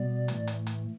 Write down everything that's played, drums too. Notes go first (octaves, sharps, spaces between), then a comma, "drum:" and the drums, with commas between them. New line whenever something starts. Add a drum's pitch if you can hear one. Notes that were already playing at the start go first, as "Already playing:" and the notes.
Already playing: B2 G3 B3 D5
A2 E3 A3, drum: hi-hat
drum: hi-hat
drum: hi-hat